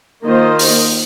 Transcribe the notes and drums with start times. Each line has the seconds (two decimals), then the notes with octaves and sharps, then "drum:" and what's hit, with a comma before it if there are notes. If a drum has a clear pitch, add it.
0.24 D#3 A#3 F4 C5 D#5
0.59 drum: open hi-hat